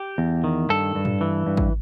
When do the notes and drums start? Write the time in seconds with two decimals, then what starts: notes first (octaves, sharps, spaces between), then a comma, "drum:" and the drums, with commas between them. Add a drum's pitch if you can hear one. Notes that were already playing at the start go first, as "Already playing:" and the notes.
Already playing: G4
0.18 E2
0.44 D#3
0.70 G2 A4
0.95 G2
1.05 drum: tom G#2
1.21 E3
1.47 G2
1.57 drum: kick